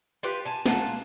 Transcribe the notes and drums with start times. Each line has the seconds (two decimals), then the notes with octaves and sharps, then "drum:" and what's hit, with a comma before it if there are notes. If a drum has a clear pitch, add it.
0.23 F4 G4 B4
0.45 G#5 A5
0.66 A#2 F4 F#5 A5, drum: snare